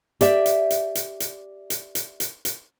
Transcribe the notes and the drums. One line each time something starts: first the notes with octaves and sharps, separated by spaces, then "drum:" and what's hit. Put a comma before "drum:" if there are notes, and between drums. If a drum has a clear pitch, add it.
G4 D5 E5, drum: hi-hat
drum: hi-hat
drum: hi-hat
drum: hi-hat
drum: hi-hat
drum: hi-hat
drum: hi-hat
drum: hi-hat
drum: hi-hat